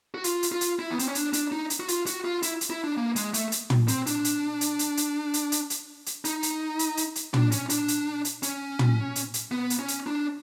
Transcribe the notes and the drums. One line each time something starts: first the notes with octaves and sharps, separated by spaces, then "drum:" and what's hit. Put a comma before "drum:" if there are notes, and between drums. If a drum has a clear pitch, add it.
F#4
F4, drum: hi-hat
drum: hi-hat
F4
drum: hi-hat
E4
B3
C4, drum: hi-hat
C#4
D4, drum: hi-hat
D4, drum: hi-hat
D#4
drum: hi-hat
F#4
F4, drum: hi-hat
F#4, drum: hi-hat
F4
E4, drum: hi-hat
drum: hi-hat
E4
D4
A#3
G#3, drum: hi-hat
A3, drum: hi-hat
drum: hi-hat
drum: tom
C4, drum: hi-hat
D4, drum: hi-hat
drum: hi-hat
drum: hi-hat
drum: hi-hat
drum: hi-hat
drum: hi-hat
drum: hi-hat
drum: hi-hat
drum: hi-hat
D#4, drum: hi-hat
drum: hi-hat
drum: hi-hat
drum: hi-hat
drum: hi-hat
D4, drum: tom
C#4, drum: hi-hat
D4, drum: hi-hat
drum: hi-hat
drum: hi-hat
C#4, drum: hi-hat
drum: tom
drum: hi-hat
drum: hi-hat
B3
drum: hi-hat
C#4
drum: hi-hat
D4